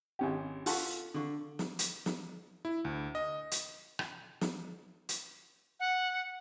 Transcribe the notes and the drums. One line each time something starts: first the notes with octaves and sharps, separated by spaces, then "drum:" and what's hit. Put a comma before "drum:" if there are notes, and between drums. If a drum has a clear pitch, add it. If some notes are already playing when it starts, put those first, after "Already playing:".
G#1 C#4 G4
F4 A4 F#5 A5 C6 C#6, drum: open hi-hat
D3 C#6
drum: snare
drum: hi-hat
drum: snare
E4
D2
D#5
drum: hi-hat
drum: rim click
drum: snare
drum: hi-hat
F#5